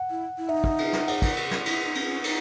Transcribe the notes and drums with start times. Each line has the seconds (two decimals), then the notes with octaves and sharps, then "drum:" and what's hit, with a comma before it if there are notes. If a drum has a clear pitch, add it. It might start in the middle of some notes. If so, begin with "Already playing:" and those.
Already playing: F#5
0.10 E4
0.38 E4
0.49 D#4 E5
0.64 drum: kick
0.78 drum: cymbal
0.93 drum: snare
1.08 F#5, drum: cymbal
1.22 drum: kick, cymbal
1.37 drum: cymbal
1.51 drum: snare
1.66 E4, drum: cymbal
1.85 D#4
1.95 drum: cymbal
2.04 C#4
2.24 D#4, drum: cymbal